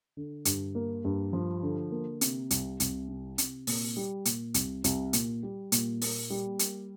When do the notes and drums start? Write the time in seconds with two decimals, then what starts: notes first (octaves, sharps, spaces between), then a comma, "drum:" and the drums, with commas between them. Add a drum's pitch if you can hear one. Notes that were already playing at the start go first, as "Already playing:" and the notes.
0.17 D3
0.45 G2, drum: hi-hat
0.75 A#3
1.05 G2
1.33 F3
1.63 D3
1.91 A#3
2.21 C3, drum: hi-hat
2.51 C2, drum: hi-hat
2.80 C2, drum: hi-hat
3.09 C3
3.38 C3, drum: hi-hat
3.67 A#2, drum: open hi-hat
3.97 G3
4.25 A#2, drum: hi-hat
4.54 C2, drum: hi-hat
4.84 C2, drum: hi-hat
5.13 A#2, drum: hi-hat
5.43 G3
5.72 A#2, drum: hi-hat
6.02 A#3, drum: open hi-hat
6.30 G3
6.59 A#3, drum: hi-hat